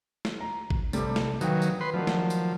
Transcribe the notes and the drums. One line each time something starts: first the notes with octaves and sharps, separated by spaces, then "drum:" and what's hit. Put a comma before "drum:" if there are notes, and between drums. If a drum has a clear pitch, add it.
drum: snare
A#5
drum: kick A1
C3 G3 A3, drum: tambourine
drum: snare
D#3 F#3 B4 F5 G5, drum: tambourine
drum: tambourine
B4 C6
D#3 F3 F#3 D4
drum: snare
drum: tambourine